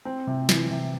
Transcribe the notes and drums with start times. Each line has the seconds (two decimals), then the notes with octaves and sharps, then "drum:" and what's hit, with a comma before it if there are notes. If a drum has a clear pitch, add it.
0.05 C4
0.27 C3
0.49 E3, drum: snare
0.70 C3